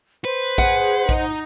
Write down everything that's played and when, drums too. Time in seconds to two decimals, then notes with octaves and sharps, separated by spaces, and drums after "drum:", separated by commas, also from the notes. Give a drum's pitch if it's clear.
0.25 B4 C5
0.58 G#4 F#5, drum: kick A#1
1.09 D#4, drum: kick A#1